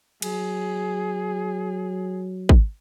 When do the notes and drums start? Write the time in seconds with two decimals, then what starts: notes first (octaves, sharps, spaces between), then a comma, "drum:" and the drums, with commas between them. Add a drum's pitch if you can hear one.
0.22 F#3 G#4, drum: cymbal
2.49 drum: kick